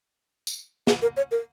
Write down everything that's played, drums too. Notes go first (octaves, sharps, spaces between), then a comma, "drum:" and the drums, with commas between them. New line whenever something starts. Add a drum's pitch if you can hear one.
drum: tambourine
G#4, drum: snare
A#4
C#5
A#4